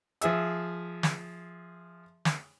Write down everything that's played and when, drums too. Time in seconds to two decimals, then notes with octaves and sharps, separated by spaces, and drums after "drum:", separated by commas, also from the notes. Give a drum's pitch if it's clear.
0.21 F3 G#4 E5 E6, drum: hi-hat
1.03 drum: snare
2.25 drum: snare